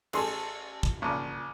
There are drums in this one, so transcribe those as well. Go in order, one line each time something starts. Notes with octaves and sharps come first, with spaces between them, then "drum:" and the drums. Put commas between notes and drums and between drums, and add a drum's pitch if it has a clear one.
A1 G#4 A4 C6, drum: cymbal
drum: kick
A#1 C#3